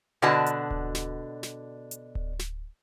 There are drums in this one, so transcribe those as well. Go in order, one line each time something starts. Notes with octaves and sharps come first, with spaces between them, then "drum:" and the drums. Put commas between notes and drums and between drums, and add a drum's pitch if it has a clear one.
B2 D3 D4 F#4 A5
drum: hi-hat
drum: kick D1
drum: snare
drum: snare
drum: hi-hat
drum: kick D1
drum: snare